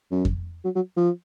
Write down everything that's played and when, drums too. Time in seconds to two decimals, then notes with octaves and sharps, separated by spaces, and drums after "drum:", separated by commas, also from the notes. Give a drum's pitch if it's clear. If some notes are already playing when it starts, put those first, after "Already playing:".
0.11 F#2
0.25 drum: kick F2
0.64 F#3
0.75 F#3
0.97 F3